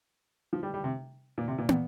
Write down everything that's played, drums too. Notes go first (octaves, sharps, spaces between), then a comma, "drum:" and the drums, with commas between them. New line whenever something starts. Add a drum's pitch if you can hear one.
F3
G3
G3
C3
A#2
C3
A#2
A#2, drum: tom